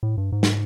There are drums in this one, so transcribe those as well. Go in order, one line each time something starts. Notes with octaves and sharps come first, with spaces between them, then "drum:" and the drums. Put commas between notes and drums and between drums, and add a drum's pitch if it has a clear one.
A2
G2
G#2
drum: snare